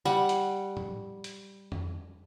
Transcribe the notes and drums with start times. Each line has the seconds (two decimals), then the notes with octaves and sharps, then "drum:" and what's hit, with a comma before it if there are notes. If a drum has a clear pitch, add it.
0.05 G3 F#5
0.29 drum: hi-hat
0.77 drum: tom A2
1.24 drum: hi-hat
1.72 drum: tom F2